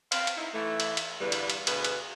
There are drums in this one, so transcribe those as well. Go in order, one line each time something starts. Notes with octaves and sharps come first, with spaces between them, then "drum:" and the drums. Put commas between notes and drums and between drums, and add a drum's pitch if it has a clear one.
C4 C5 F5, drum: cymbal
drum: cymbal
D#4 E4
E3 A3
drum: cymbal
drum: cymbal
E2 G2 D3 G3 B4
drum: cymbal
drum: cymbal
D2 B2 B3 G#4 B4, drum: cymbal
drum: cymbal